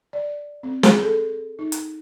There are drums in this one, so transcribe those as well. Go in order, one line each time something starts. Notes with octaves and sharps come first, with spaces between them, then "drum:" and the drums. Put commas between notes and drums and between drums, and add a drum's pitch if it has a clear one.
D5
C4
G#4, drum: snare
A4
D#4
drum: hi-hat